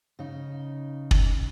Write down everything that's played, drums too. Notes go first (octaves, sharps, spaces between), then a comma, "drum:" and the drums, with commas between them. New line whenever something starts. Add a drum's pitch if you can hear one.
C#3 D#4
drum: kick